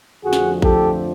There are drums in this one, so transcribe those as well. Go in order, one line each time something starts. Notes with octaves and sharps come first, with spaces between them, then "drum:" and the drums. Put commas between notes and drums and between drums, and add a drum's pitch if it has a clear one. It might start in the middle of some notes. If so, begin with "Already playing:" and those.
F2 D3 F3 A3 F#4 G#4
drum: snare
G4 A4, drum: kick A#1